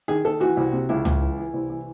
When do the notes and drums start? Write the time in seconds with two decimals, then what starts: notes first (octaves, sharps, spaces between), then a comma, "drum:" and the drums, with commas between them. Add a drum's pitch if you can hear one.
0.08 D#3 G#4
0.25 D#3 A4
0.40 E3 F#4
0.57 C2
0.73 C3
0.89 C#2 E4
1.05 C#2, drum: tom C#2
1.21 E3
1.37 E3
1.53 C2
1.69 E3